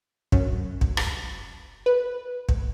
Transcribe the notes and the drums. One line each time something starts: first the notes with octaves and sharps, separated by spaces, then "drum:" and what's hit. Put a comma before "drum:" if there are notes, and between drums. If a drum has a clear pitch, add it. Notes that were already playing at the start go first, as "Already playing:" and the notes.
F#2, drum: kick
drum: kick
drum: rim click
B4
drum: kick